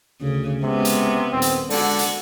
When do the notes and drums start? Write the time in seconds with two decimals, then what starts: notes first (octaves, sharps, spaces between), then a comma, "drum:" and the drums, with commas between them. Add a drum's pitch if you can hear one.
0.21 D2 C#3
0.62 C3 G#3 B3 C#4
0.85 drum: hi-hat
1.32 D#1 C4
1.42 drum: hi-hat
1.70 D3 G#3 F#4, drum: open hi-hat
1.99 drum: hi-hat